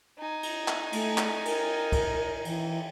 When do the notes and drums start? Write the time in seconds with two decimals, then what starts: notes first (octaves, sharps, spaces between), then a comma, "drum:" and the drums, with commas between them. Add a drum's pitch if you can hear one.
0.18 D#4 G#5
0.43 drum: cymbal
0.68 drum: clap
0.93 A3, drum: cymbal
1.18 drum: clap
1.45 A#4, drum: cymbal
1.92 drum: kick, cymbal
2.45 E3, drum: cymbal